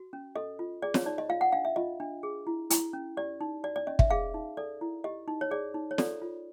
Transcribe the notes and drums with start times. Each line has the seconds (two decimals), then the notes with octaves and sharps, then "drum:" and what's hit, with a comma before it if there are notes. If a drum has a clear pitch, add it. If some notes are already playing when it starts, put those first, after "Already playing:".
Already playing: F#4
0.13 C#4
0.36 A4 D#5
0.59 F4
0.82 G#4 D5
0.94 C#5, drum: snare
1.06 D#4 D5
1.18 D#5
1.29 F4 F5
1.41 F#5
1.52 D4 F5
1.65 E5
1.76 F4 D#5
2.00 D4
2.23 G#4
2.47 E4
2.70 E4, drum: hi-hat
2.93 C#4
3.17 G4 D5
3.41 D#4
3.64 F#4 D5
3.76 D5
3.87 C#4 D#5
3.99 E5, drum: kick
4.10 G#4 F5
4.34 D#4
4.57 A4 D5
4.81 E4
5.04 G4 D#5
5.28 D#4
5.41 C#5
5.51 G#4 D5
5.74 D#4
5.91 C#5
5.98 A4 D5, drum: snare
6.22 F4